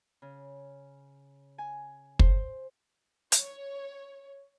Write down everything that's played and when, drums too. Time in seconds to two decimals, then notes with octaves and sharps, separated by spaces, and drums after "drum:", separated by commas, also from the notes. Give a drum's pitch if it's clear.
0.22 C#3
1.58 G#5
2.19 C5, drum: kick
3.32 C#5, drum: hi-hat